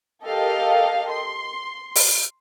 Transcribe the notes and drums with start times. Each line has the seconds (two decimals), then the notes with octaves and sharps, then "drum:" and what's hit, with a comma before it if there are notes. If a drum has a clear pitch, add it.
0.24 G4 A4 A#4 D#5 F5
1.12 C6
1.95 drum: open hi-hat